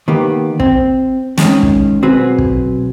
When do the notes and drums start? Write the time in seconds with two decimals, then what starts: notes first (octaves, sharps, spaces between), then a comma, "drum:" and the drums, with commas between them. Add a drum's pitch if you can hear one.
0.08 D#3 A#3 B3 G4
0.60 C4, drum: kick
1.38 D#3 G#3 C#4, drum: snare
1.63 drum: kick
2.02 B1 C4 F#4 G#4 B4
2.38 drum: kick